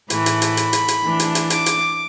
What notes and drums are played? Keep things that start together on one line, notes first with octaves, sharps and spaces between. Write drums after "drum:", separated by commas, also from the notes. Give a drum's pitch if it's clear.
A2 E3 A3 B5, drum: hi-hat
drum: hi-hat
drum: hi-hat
drum: hi-hat
drum: hi-hat
drum: hi-hat
E3 A3 D4
drum: hi-hat
drum: hi-hat
D6, drum: hi-hat
drum: hi-hat